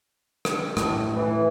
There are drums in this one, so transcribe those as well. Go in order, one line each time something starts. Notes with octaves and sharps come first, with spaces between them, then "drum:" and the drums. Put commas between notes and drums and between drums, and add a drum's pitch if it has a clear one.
drum: rim click
A2, drum: rim click
E3